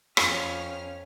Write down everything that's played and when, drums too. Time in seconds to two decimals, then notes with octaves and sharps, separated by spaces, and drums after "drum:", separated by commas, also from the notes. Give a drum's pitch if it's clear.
0.17 F2 C#4 F4 F6, drum: rim click